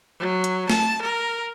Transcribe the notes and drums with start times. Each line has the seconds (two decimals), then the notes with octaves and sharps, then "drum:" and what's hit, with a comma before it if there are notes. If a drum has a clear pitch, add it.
0.19 F#3
0.44 drum: hi-hat
0.70 A5, drum: snare
1.02 A#4